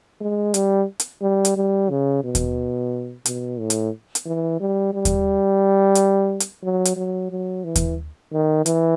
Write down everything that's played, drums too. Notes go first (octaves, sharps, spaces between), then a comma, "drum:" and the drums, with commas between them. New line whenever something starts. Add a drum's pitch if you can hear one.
G#3
G3, drum: hi-hat
drum: hi-hat
G3
drum: hi-hat
G3
C#3
B2
drum: kick D#2, hi-hat
B2, drum: hi-hat
A2
drum: hi-hat
drum: hi-hat
E3
G3
G3
drum: kick D#2, hi-hat
drum: hi-hat
drum: hi-hat
F#3
drum: hi-hat
F#3
F#3
E3
drum: kick D#2, hi-hat
D#3
E3, drum: hi-hat